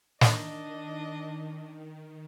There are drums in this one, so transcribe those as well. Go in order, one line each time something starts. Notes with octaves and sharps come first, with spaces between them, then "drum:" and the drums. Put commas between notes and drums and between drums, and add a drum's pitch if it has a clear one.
D#3 D4 D#5, drum: snare